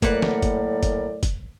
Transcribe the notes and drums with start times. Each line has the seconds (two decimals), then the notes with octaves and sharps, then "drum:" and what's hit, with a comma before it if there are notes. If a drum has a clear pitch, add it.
0.02 A2 F#3 A3 A#3 A#4 B4 D5 F#5, drum: kick, hi-hat
0.22 drum: snare
0.42 drum: kick, hi-hat
0.83 drum: kick, hi-hat
1.23 drum: kick, hi-hat